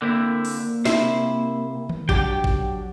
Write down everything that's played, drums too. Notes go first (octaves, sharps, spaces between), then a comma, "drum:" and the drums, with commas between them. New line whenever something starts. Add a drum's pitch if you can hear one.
D3 A#3 C4 E4
drum: open hi-hat
C3 E4 C5, drum: snare
drum: tom D#3
F#3 D4 G4 G5, drum: kick
drum: kick